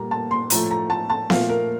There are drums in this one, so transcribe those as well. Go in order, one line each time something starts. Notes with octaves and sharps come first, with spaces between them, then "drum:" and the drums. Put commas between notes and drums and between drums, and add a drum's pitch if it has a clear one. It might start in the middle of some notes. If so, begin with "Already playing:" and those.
Already playing: A#2 G3 A#5
A5
C6
A2 F3 A3 A#5, drum: hi-hat
A#5
A5
A5
A#2 F3 A3 F5, drum: snare B3
A#4